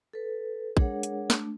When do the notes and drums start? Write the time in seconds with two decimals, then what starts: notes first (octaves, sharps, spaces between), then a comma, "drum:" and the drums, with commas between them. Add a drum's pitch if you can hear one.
0.13 A4 B4
0.77 G#3 D4 G#4 A#4 C#5 F#5, drum: kick
1.03 drum: hi-hat
1.30 A3 D4, drum: snare